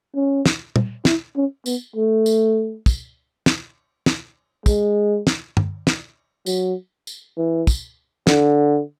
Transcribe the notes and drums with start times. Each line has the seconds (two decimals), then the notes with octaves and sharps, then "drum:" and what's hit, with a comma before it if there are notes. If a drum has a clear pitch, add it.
0.15 C#4
0.46 drum: snare
0.76 drum: tom
1.05 E4, drum: snare
1.36 C#4
1.66 B3, drum: tambourine
1.96 A3
2.26 drum: tambourine
2.86 drum: kick, tambourine
3.46 drum: snare
4.06 drum: snare
4.66 G#3, drum: kick, tambourine
5.27 drum: snare
5.57 drum: tom G2
5.87 drum: snare
6.46 F#3, drum: tambourine
7.07 drum: tambourine
7.37 E3
7.67 drum: kick, tambourine
8.27 D3, drum: snare